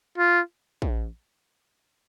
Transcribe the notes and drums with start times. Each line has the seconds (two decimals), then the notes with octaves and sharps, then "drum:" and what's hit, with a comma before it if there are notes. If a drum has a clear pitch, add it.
0.18 F4
0.82 drum: kick